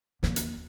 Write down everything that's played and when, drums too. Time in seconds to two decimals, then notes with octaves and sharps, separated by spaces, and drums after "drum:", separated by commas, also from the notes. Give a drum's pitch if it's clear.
0.23 D#2, drum: snare
0.36 drum: hi-hat